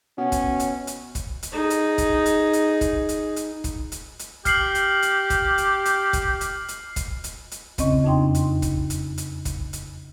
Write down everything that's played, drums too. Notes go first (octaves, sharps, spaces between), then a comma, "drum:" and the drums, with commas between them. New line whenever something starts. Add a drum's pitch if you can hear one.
B2 C#4 F#5
drum: kick, hi-hat
drum: hi-hat
drum: hi-hat
drum: kick, hi-hat
drum: hi-hat
D#4 G#4
drum: hi-hat
drum: kick, hi-hat
drum: hi-hat
drum: hi-hat
drum: kick, hi-hat
drum: hi-hat
drum: hi-hat
drum: kick, hi-hat
drum: hi-hat
drum: hi-hat
G4 F6 C7 F#7, drum: kick, hi-hat
drum: hi-hat
drum: hi-hat
drum: kick, hi-hat
drum: hi-hat
drum: hi-hat
drum: kick, hi-hat
drum: hi-hat
drum: hi-hat
drum: kick, hi-hat
drum: hi-hat
drum: hi-hat
E2 C#3 C4 C#4 D#5 C#6, drum: kick, hi-hat
F2 C4 D4 D#4 G5 C6
drum: hi-hat
drum: kick, hi-hat
drum: hi-hat
drum: hi-hat
drum: kick, hi-hat
drum: hi-hat